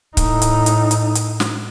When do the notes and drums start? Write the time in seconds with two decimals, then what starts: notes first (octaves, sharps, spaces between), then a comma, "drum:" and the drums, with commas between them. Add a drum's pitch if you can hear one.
0.17 A2 D#4, drum: kick C#1, hi-hat
0.42 drum: hi-hat
0.66 drum: hi-hat
0.91 drum: hi-hat
1.15 drum: hi-hat
1.40 drum: snare